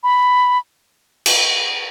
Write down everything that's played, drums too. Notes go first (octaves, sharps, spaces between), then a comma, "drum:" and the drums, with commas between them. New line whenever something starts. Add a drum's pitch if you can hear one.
B5
drum: cymbal